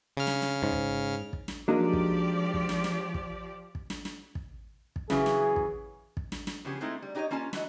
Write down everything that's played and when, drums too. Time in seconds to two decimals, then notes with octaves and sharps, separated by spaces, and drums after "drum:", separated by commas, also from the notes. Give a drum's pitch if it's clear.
0.17 C#3 F6
0.27 drum: snare
0.42 drum: snare
0.63 G#2
0.72 drum: kick
1.33 drum: kick
1.48 drum: snare
1.68 F3 F#3 G#3 A#3 D4 D#4 G4 D5
1.93 drum: kick
2.54 drum: kick
2.69 drum: snare
2.84 drum: snare
3.14 drum: kick
3.75 drum: kick
3.90 drum: snare
4.05 drum: snare
4.35 drum: kick
4.96 drum: kick
5.10 C#3 E3 F#3 G#4, drum: snare
5.26 drum: snare
5.56 drum: kick
6.17 drum: kick
6.32 drum: snare
6.47 drum: snare
6.65 C#3 F3 B3 C#4 G4 G#4
6.81 G#3 A3 C4 D#4 E4
7.02 G3
7.15 D4 D#4 G4 A#4 C#5 D#5
7.31 A#3 C#4 F4 G#5 A5
7.53 E3 F#4 D#5, drum: snare